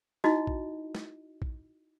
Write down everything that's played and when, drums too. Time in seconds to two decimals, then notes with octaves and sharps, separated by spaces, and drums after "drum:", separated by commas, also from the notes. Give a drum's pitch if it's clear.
0.24 D#4 E4 F#4 D#5, drum: snare
0.47 drum: kick A#1
0.95 drum: snare
1.42 drum: kick A#1